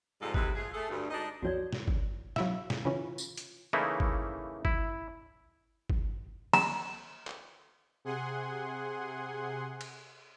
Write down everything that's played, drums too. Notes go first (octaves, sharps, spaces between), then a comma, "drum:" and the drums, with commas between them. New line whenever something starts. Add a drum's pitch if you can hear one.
F2 G#2 C3 G3 F4 A4
A2 C3 G#3 D#4 E4 B4, drum: kick
A#2 A3 F4 G#4
A3 G#4 A4
D2 G2
G#3 D4 D#4 D#5
B1 F2 F#4 C#5 D5
drum: snare
drum: kick
F#3 E4 E5 F5, drum: snare
drum: snare
C#3 E3 C#4 F4
drum: tambourine
drum: hi-hat
C#3 E3 A3 A#3 D#4 E4
drum: kick
E4, drum: kick
drum: kick
A#5, drum: cymbal
drum: clap
C3 G#4 F#5 G#5 C6
drum: cymbal